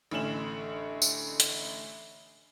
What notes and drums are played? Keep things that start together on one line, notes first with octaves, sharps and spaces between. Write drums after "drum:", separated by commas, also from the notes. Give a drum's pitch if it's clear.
A1 D3 A3 C#4 E7 F#7
drum: tambourine
drum: hi-hat